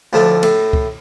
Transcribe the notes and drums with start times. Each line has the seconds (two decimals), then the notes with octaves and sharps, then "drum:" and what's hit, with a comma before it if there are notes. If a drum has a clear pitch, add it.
0.13 D2 A2 F3 A3 D4
0.43 A2, drum: cymbal
0.73 drum: kick C#2